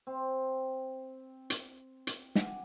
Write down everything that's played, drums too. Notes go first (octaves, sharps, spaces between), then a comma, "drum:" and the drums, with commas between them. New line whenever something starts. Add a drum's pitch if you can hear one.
C4
drum: hi-hat
drum: hi-hat
F#5 G#5 D6, drum: snare